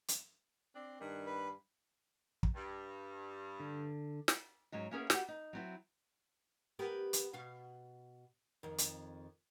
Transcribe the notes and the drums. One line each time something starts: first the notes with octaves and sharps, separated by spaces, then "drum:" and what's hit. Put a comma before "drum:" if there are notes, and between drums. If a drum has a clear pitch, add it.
drum: hi-hat
C4 D4
G2 D#3 D4
B4
drum: kick
G2
D3
drum: snare
G#2 F#3 G#3 C#4
A#3 B3 C#4 E4 G#4 A#4
F#4 G4, drum: snare
D#4
F#3 C4 E4
B3 G4 A#4
drum: hi-hat
B2 F5
F2 D#3
drum: hi-hat